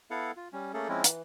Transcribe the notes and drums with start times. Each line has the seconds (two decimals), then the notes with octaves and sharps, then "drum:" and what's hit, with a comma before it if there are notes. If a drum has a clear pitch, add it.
0.11 B3 E4 A4 F5 F#5
0.37 F4
0.53 G3 C#4
0.74 A3 A#3 C#4 G#4 A4
0.89 F3 G#3 C4 C#4 E4
1.04 E3, drum: hi-hat